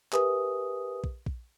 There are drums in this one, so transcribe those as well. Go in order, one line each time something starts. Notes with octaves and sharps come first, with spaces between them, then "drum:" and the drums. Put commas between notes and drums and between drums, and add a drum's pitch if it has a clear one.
G4 A#4 B4 E5 G#5 D#6, drum: clap
drum: kick
drum: kick